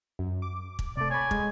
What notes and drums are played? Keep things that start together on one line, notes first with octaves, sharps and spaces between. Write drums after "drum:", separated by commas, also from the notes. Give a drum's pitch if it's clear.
F#2
D6
drum: kick
C3 A3 D5
C#5 G#5 B5
G#3, drum: kick